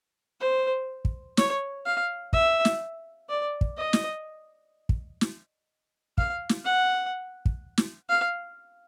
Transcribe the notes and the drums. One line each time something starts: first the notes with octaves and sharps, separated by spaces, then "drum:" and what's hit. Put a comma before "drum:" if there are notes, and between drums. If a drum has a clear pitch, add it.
C5
drum: kick
C#5, drum: snare
F5
E5, drum: kick
drum: snare
D5
drum: kick
D#5
drum: snare
drum: kick
drum: snare
F5, drum: kick
drum: snare
F#5
drum: kick
drum: snare
F5